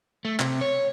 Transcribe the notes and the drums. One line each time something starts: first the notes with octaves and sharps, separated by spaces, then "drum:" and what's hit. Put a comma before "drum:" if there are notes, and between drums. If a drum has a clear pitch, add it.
A3
C3, drum: clap
C#5